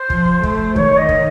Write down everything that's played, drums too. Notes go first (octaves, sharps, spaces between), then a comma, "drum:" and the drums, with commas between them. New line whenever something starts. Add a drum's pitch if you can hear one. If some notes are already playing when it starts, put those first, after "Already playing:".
Already playing: C5
F3, drum: kick
A3, drum: kick
D#3 C#5, drum: kick
D#5
drum: kick